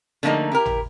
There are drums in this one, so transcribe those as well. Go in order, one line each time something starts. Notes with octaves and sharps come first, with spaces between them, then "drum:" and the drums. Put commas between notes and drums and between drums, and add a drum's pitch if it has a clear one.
D3 F3 A3 A#3 D#4 G#4
E4 G4 A#4
drum: tom G#1